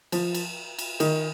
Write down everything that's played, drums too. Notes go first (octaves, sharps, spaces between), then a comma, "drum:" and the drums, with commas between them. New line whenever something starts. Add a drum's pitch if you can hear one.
F3, drum: cymbal
drum: cymbal
drum: cymbal
D#3, drum: cymbal